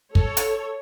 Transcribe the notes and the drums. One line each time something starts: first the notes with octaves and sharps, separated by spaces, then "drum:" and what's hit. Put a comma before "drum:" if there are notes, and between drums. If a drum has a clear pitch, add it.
A4 C#5, drum: kick
drum: hi-hat